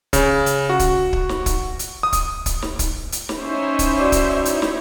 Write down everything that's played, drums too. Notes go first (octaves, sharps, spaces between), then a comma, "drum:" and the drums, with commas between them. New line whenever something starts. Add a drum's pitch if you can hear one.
C#3, drum: kick, hi-hat
drum: hi-hat
F#4
drum: kick, hi-hat
drum: kick
drum: snare
drum: kick, hi-hat
drum: hi-hat
D#6
drum: kick, hi-hat
drum: kick, hi-hat
drum: snare
drum: kick, hi-hat
drum: hi-hat
drum: snare
C#4 D#4 E4 C5 C#5 E5
drum: kick, hi-hat
F#4 D5 D6
drum: kick, hi-hat
drum: hi-hat
drum: snare